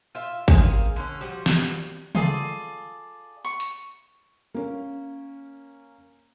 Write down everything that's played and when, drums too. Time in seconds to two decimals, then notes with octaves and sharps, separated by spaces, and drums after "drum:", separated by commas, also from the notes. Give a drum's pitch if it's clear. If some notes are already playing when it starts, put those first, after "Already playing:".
0.15 F4 E5
0.48 A#3 C4 G#4 F5, drum: kick
0.96 D3 C#4
1.21 F3 G3 F#4
1.46 drum: snare
2.15 F4 G#4 A4 D5, drum: tom C#3
3.45 C#6
3.60 drum: hi-hat
4.54 A#3 C#4